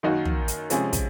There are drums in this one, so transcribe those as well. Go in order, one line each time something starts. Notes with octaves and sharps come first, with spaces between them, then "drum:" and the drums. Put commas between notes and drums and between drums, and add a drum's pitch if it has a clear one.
F#2 D#3 A#3 D#4 F#4
drum: tom
drum: hi-hat
C3 F3 G#3 C#4 G#4, drum: hi-hat
drum: kick, hi-hat